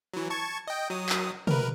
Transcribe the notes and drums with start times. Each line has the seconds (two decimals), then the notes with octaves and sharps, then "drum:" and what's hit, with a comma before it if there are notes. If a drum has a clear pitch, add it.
0.13 E3 F#3
0.30 A5 C#6 G#6
0.67 D#5 G5
0.90 F#3 D#6
1.09 drum: clap
1.47 A#4 B4, drum: tom